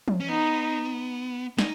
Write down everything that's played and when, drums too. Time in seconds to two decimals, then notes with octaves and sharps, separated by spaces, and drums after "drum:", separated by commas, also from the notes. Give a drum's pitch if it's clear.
0.08 drum: tom
0.20 C#4
0.29 B3 D#4
1.59 D#4, drum: snare